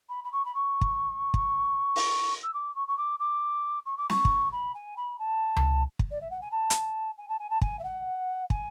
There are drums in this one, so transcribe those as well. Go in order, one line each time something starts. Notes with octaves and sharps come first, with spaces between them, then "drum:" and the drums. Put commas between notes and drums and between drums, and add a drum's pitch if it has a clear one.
B5
B5
C#6
B5
C#6
drum: kick
drum: kick
drum: open hi-hat
E6
D6
C#6
C#6
D6
D6
C#6
D6
C#6, drum: snare
drum: kick
B5
G#5
B5
A5
drum: tom C#2
drum: kick
D5
E5
F#5
G#5
A5
drum: hi-hat
G#5
A5
G#5
A5
G#5, drum: kick
E5
F#5
G#5, drum: kick